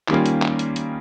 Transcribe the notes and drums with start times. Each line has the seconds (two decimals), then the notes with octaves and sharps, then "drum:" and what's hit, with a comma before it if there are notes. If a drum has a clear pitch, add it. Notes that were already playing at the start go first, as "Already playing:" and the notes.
0.08 D#3 G3 A#3 C#4 F4, drum: clap
0.26 drum: hi-hat
0.42 drum: clap
0.59 drum: hi-hat
0.76 drum: hi-hat